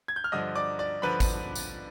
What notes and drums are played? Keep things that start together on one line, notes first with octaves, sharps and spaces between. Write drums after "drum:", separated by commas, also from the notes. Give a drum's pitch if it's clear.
G#6
G6
F6
G2 D3 F3 D#5 D#6
D5 D6
D5 D6
D3 F3 B4 B5
drum: kick, tambourine
drum: tambourine